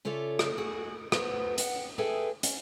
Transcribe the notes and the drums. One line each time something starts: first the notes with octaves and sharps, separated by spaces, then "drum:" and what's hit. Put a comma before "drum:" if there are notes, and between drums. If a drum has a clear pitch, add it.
C#3 F4 A4 C#5 D5 E5
drum: rim click
F#4 G#4
B3 C5, drum: rim click
F#5 G5, drum: hi-hat
G#4 A4 B4 E5 G5 G#5
C#4, drum: hi-hat